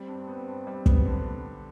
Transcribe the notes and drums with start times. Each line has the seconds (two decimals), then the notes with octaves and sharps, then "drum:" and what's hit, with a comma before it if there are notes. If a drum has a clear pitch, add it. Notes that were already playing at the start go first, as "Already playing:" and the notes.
Already playing: G3 C4
0.08 G2
0.27 B3
0.47 G2
0.67 G3
0.86 B3, drum: kick
1.06 D3